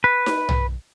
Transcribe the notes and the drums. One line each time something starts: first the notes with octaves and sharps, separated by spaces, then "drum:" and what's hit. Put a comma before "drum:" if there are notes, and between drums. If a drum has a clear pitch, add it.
B4
drum: snare D#4
drum: tom B1